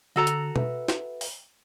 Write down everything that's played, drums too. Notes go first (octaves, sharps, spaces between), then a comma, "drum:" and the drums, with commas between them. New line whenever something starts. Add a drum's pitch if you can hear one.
D3 F#4 A4 A#5
drum: hi-hat
B4 E5, drum: tom B2
drum: snare
drum: open hi-hat